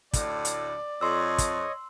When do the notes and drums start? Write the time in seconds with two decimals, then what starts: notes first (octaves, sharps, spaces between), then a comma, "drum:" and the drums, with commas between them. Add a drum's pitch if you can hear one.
0.13 D2 A2 D5, drum: kick, hi-hat
0.45 drum: hi-hat
1.01 F2 C#5 D#5 C6 E6
1.38 drum: kick, hi-hat